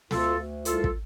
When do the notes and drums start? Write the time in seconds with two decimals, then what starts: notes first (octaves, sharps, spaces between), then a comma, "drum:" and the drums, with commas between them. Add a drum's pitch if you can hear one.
0.11 D2 F4 A4, drum: snare
0.38 D2
0.65 C2 F4 A4, drum: hi-hat
0.84 drum: kick